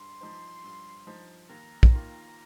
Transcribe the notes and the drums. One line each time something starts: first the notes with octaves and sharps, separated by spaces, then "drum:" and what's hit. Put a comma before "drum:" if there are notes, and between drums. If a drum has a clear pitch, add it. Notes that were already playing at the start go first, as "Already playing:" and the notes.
Already playing: G2 C6
F3 D#4 C5
G2
F3 D#4 C5
D#2 A#5
drum: kick
D#3 A#3 F4